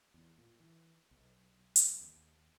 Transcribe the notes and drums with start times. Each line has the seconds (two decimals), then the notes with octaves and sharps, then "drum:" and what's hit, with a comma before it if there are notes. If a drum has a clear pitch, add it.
0.14 E2
0.38 A#2
0.60 E3
1.11 B1
1.76 drum: hi-hat
2.02 D#2